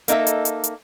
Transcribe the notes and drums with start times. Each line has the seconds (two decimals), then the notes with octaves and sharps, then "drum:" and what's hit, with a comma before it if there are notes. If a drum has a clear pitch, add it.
0.08 A#3 D#4 A4 E5, drum: hi-hat
0.27 drum: hi-hat
0.45 drum: hi-hat
0.64 drum: hi-hat